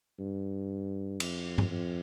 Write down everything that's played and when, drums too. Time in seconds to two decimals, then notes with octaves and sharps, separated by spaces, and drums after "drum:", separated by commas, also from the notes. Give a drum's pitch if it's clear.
0.19 G2
1.20 F2, drum: cymbal
1.58 drum: tom G2
1.70 F2